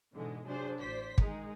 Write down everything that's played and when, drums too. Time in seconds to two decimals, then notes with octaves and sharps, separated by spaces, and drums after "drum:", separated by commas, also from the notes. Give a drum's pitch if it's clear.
0.12 G#2 B2 D3 E3 G#3
0.45 C3 F#3 D4 G#4 C5
0.79 A1 C5 D5 B6
1.18 D#3 G#3 D#4 G#4, drum: kick